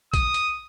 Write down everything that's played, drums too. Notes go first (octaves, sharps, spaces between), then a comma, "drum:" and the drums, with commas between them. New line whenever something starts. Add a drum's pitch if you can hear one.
D#6, drum: kick A#1, hi-hat
drum: hi-hat